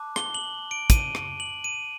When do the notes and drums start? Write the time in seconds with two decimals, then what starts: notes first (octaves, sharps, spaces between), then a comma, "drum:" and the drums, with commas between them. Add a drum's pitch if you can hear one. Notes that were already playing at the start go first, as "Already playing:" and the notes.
Already playing: A5 D6 F#6
0.16 G7, drum: rim click
0.34 F#7
0.71 D7
0.90 D#7, drum: kick, hi-hat
1.15 drum: rim click
1.40 F#7
1.64 D#7